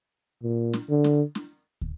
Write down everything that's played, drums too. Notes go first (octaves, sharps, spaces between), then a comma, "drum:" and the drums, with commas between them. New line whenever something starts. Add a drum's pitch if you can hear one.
A#2
drum: snare
D3
drum: snare
drum: snare
drum: kick